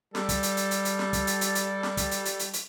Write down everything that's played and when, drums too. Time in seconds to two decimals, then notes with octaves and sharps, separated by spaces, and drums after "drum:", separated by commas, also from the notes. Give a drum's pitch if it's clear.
0.15 G3 A4, drum: snare
0.29 drum: kick, hi-hat
0.43 drum: hi-hat
0.57 drum: hi-hat
0.71 drum: hi-hat
0.85 drum: hi-hat
0.99 drum: snare
1.13 drum: kick, hi-hat
1.27 drum: hi-hat
1.41 drum: hi-hat
1.55 drum: hi-hat
1.83 drum: snare
1.97 drum: kick, hi-hat
2.11 drum: hi-hat
2.25 drum: hi-hat
2.39 drum: hi-hat
2.53 drum: hi-hat